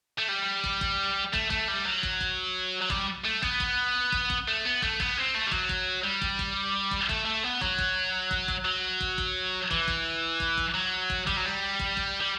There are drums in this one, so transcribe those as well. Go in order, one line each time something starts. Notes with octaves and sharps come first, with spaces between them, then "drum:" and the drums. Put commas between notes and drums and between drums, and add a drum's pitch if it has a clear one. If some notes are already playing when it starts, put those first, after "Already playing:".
A3
G3
drum: kick
drum: kick
A3, drum: kick
A3, drum: kick
G3
F#3
drum: kick
drum: kick
F#3
G3, drum: kick
A3
B3, drum: kick
drum: kick
drum: kick
drum: kick
A3
B3
A3, drum: kick
B3, drum: kick
C4
A3
G3
F#3, drum: kick
drum: kick
G3
drum: kick
drum: kick
drum: kick
A3, drum: kick
A3
B3
F#3, drum: kick
drum: kick
drum: kick
drum: kick
F#3
drum: kick
drum: kick
E3, drum: kick
drum: kick
drum: kick
drum: kick
F#3
drum: kick
G3, drum: kick
F#3
G3
drum: kick
drum: kick
G3